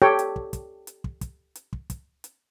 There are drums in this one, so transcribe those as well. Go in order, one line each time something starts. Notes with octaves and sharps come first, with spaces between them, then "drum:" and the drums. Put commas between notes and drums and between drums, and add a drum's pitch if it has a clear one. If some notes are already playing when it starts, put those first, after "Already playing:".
G4 A4 C#5 G5
drum: hi-hat
drum: kick
drum: kick, hi-hat
drum: hi-hat
drum: kick
drum: kick, hi-hat
drum: hi-hat
drum: kick
drum: kick, hi-hat
drum: hi-hat